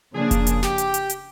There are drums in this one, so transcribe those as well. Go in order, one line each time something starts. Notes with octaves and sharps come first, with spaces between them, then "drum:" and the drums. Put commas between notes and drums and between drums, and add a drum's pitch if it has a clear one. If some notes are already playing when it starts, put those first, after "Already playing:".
C#3 F3 A#3 D4 G#4
drum: kick F1, hi-hat
drum: hi-hat
G4, drum: snare
drum: hi-hat
drum: hi-hat
drum: hi-hat